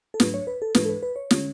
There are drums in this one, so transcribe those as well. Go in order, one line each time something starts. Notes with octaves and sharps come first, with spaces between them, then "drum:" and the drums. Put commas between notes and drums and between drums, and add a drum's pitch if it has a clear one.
A4
G#2 F#3 A3 D4 B4, drum: snare
C#5
B4
A4
G#2 E3 G#3 D4 B4, drum: snare
A4
B4
B4
C#5
D3 G#3 C#4, drum: snare